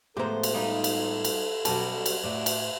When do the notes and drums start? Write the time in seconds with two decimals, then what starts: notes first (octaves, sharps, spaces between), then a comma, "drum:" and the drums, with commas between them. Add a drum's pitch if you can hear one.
0.17 A2 F3 G#3 B3 G4 A4 C5 A#5
0.43 drum: cymbal
0.54 G3 D#4 F4 A#4
0.84 drum: cymbal
1.25 drum: cymbal
1.65 B2 F#3 G3 C#4 F#4 A5, drum: cymbal
2.06 drum: cymbal
2.23 A2 F#3 D4
2.46 drum: cymbal